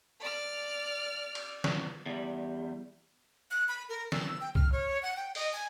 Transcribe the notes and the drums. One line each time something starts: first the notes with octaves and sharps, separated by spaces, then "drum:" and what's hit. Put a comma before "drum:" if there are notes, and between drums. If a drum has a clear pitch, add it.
D5 F6
drum: cymbal
drum: snare
E2 G3
F#6
B5
A#4
E6, drum: snare
G5
F6, drum: kick
C#5
F#5
G5
D#5, drum: open hi-hat
G#5